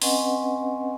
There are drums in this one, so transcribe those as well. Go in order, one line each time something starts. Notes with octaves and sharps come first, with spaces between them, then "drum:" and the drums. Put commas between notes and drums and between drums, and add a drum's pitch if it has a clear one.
C4 C#4 B4 D#5 F#5 G#5, drum: open hi-hat